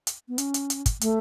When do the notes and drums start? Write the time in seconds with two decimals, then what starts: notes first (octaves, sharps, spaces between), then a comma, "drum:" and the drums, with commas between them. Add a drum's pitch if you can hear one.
0.07 drum: hi-hat
0.28 B3
0.38 C#4, drum: hi-hat
0.54 drum: hi-hat
0.70 drum: hi-hat
0.86 drum: kick, hi-hat
1.01 A3, drum: hi-hat